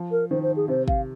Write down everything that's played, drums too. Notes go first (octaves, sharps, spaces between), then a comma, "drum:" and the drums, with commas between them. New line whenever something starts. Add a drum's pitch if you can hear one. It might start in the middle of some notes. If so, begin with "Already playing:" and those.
Already playing: F3
A#4
D#3 C5
C5
G#4
C3 C5
F5, drum: kick G#1